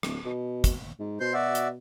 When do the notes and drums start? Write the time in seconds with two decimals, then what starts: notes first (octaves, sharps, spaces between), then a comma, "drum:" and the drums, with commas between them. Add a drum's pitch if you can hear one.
0.03 D1, drum: rim click
0.25 B2
0.64 drum: kick, hi-hat
0.99 G#2
1.20 B2 C5 C6 G6
1.33 F#4 D5 E5
1.55 drum: hi-hat